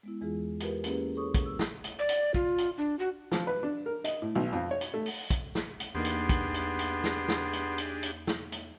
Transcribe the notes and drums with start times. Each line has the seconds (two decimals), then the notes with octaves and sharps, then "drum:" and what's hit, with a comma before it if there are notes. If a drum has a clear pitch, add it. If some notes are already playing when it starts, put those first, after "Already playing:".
0.03 G#3 B3 E4
0.21 E2 E3 G#3 F4 G#4
0.60 F4 G4 A#4 B4, drum: hi-hat
0.84 A#3 C#4 E4 G4 G#4 B4, drum: hi-hat
1.15 G#4 A4 C#5 C#6 D#6
1.34 drum: kick, hi-hat
1.46 E6
1.59 drum: snare
1.84 drum: hi-hat
1.99 D5
2.09 drum: hi-hat
2.34 F4, drum: kick
2.58 drum: hi-hat
2.78 D4
2.99 F#4
3.32 F3, drum: snare
3.47 B4
3.63 D4
3.86 A#4
4.04 D#5, drum: hi-hat
4.22 A2
4.35 B1
4.53 F2
4.71 C#5
4.81 drum: hi-hat
4.94 A3
5.06 drum: open hi-hat
5.30 drum: kick, hi-hat
5.55 drum: snare
5.80 drum: hi-hat
5.95 E2 A#3 B3 D4 D#4 G4 G#4 C6
6.05 drum: hi-hat
6.29 drum: kick, hi-hat
6.54 drum: hi-hat
6.79 drum: hi-hat
7.04 drum: snare
7.28 drum: snare
7.53 drum: hi-hat
7.78 drum: hi-hat
8.03 drum: hi-hat
8.27 drum: snare
8.52 drum: hi-hat